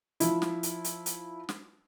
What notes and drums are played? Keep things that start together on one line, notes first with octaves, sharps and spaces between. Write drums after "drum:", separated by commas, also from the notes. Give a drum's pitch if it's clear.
F3 E4, drum: hi-hat
drum: snare
drum: hi-hat
drum: hi-hat
drum: hi-hat
drum: snare